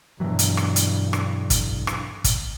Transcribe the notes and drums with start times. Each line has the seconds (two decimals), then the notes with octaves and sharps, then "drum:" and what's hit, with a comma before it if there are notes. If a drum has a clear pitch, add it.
0.20 G2 B2 E3 F#3
0.39 drum: hi-hat
0.57 drum: rim click
0.76 drum: hi-hat
1.13 drum: rim click
1.50 drum: kick, hi-hat
1.87 drum: rim click
2.24 drum: kick, hi-hat